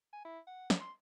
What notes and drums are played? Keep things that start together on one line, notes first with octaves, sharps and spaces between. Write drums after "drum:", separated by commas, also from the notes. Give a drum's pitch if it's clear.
G#5
E4
F#5
drum: snare
C6